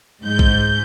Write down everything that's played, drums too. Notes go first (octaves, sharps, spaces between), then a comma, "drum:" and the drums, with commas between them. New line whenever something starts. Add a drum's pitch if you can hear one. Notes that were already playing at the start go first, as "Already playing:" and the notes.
G#2 G6
drum: kick A#1